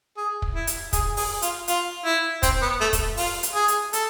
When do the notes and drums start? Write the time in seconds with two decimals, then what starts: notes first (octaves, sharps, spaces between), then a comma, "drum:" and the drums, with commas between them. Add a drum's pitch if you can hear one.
0.17 G#4
0.42 drum: kick
0.55 E4
0.67 drum: hi-hat
0.93 G#4, drum: kick, hi-hat
1.17 G#4, drum: open hi-hat
1.42 F4, drum: hi-hat
1.68 F4, drum: hi-hat
2.05 E4
2.43 C4, drum: kick, hi-hat
2.62 B3
2.81 A3
2.93 drum: kick, hi-hat
3.17 F4, drum: open hi-hat
3.43 drum: hi-hat
3.55 G#4
3.68 drum: hi-hat
3.93 A4, drum: hi-hat